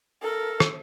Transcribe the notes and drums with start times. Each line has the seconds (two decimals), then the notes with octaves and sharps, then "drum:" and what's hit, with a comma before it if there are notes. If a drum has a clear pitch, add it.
0.23 A4 A#4
0.60 drum: rim click